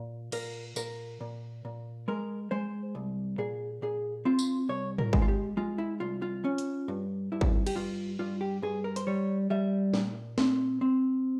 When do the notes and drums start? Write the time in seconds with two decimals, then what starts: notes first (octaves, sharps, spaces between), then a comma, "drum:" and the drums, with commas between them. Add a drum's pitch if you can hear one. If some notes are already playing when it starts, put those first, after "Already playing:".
Already playing: A#2
0.32 A#2 A#4, drum: cymbal
0.76 A#2 A#4, drum: tambourine
1.21 A#2
1.65 A#2
2.08 G#3 A#4
2.51 G#3 C5
2.95 C2
3.38 A#2 G#4
3.82 A#2 G#4
4.25 C4 F4
4.39 drum: tambourine
4.69 C2 C#5
4.98 A#4, drum: tom G#2
5.13 G#3, drum: kick G#1
5.22 F4
5.28 G4
5.57 G#3 F4
5.78 E4
6.00 C2 F4
6.22 F4
6.44 C#4
6.58 drum: hi-hat
6.88 G2
7.32 G2 E4
7.41 drum: kick G#1
7.67 G4, drum: cymbal
7.75 G2 F4
8.19 G2 F4
8.41 G4
8.62 G2 G#4
8.84 A#4
8.96 C5, drum: hi-hat
9.07 G3 C#5
9.50 G3 E5
9.94 A#2, drum: snare
10.38 C4, drum: snare
10.81 C4